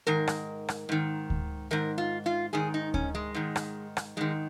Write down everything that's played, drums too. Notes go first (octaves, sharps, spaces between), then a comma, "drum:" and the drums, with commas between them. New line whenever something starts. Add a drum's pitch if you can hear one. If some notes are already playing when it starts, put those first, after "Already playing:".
G#2 D#3 A#4
drum: rim click
drum: rim click
G#2 D#3
drum: kick D2
G#2 D#3 A#4
F4
F4
G#2 D#3 G#4
D#4
C#4, drum: kick D2
G#3
G#2 D#3
drum: rim click
drum: rim click
G#2 D#3 G#3